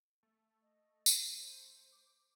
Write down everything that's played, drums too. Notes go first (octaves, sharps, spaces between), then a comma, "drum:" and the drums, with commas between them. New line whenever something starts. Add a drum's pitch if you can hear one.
A3
D#5
drum: tambourine
C5
D6